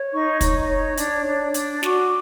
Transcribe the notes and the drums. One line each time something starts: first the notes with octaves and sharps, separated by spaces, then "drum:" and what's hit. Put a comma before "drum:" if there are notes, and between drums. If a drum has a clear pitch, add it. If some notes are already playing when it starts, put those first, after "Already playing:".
Already playing: C#5
D#4 C#6
D#4, drum: kick, hi-hat
C#5
D4, drum: hi-hat
D4
D4, drum: hi-hat
F#4 D6, drum: snare